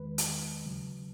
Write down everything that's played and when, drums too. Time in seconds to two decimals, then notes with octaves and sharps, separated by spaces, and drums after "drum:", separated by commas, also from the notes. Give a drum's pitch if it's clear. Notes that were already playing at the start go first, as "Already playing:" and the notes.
Already playing: E2 D#3 G#3 B4
0.18 drum: hi-hat
0.66 D#2 C#3 F#3